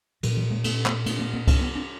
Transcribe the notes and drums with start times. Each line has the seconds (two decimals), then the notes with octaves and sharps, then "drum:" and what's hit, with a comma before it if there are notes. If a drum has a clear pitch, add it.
0.23 A#2 E3 F#3, drum: cymbal
0.37 E3 F#3
0.50 G#3 A#3
0.64 A3 B3, drum: cymbal
0.86 A3 B3, drum: clap
1.06 A3 B3, drum: cymbal
1.19 A3 B3
1.33 A#3 C4
1.47 C4 D4, drum: kick C2, cymbal
1.61 B3 C#4
1.75 C4 D4